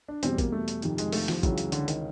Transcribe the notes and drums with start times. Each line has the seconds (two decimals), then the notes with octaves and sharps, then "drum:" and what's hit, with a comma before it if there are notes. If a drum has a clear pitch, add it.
0.08 D4
0.23 E2 B2 G3 C4, drum: hi-hat
0.38 A#3, drum: kick, hi-hat
0.52 A3
0.68 drum: hi-hat
0.82 F2 C3 D#3, drum: hi-hat
0.98 G#3, drum: hi-hat
1.12 A3, drum: open hi-hat
1.28 F3, drum: snare
1.43 C#2 C#3 E3 F#3, drum: kick, hi-hat
1.58 drum: hi-hat
1.72 D3, drum: hi-hat
1.88 D#3, drum: hi-hat